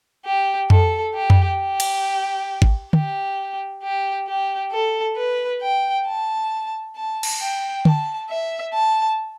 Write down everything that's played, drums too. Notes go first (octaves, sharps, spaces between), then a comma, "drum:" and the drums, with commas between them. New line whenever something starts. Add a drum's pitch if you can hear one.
G4
A4, drum: tom F2
G4
drum: tom F2
G4
drum: cymbal
drum: kick
G4, drum: tom
G4
G4
A4
B4
G5
A5
A5
drum: cymbal
G5
A5, drum: tom
E5
A5